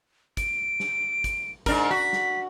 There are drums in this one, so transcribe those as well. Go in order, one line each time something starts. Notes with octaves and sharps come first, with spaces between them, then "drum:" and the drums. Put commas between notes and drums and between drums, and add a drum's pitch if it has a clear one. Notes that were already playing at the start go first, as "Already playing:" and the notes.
D7, drum: kick, hi-hat
drum: snare
drum: kick, hi-hat
G#2 D4 A#4, drum: kick, hi-hat
F#4 B6
drum: snare